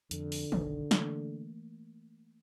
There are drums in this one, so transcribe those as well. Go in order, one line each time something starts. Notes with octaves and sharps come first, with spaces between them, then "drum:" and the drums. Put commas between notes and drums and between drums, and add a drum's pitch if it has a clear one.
F2 D3, drum: hi-hat
drum: open hi-hat
F#1 B1 D#3, drum: tom D#3
E3 A3 A#3, drum: snare